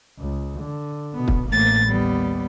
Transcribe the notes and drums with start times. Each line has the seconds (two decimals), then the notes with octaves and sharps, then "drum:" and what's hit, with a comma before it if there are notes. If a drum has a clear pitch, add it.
0.19 C#2
0.61 D3
1.14 B2 B3
1.28 drum: kick
1.48 A1 A3 A#3 A6
1.87 D#2 G3 B3